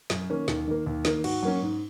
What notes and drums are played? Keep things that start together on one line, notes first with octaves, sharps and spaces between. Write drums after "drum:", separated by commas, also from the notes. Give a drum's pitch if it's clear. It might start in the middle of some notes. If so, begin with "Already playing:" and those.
F#2, drum: snare
D#3 A#3 C#4
D#2, drum: snare
D#3 A#3
D#2
D#3 A#3, drum: snare
G#2 F#4, drum: cymbal
F#3 A#3 C#4
G#2